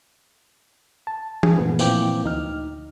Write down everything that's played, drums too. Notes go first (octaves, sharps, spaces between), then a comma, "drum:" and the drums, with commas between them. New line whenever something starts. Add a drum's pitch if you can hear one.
A5
G#4, drum: tom E3
F#2 A#2 F3 A3 B3
A#2 E3 F3 C4 G5 D6, drum: tambourine
D2 D#4 F6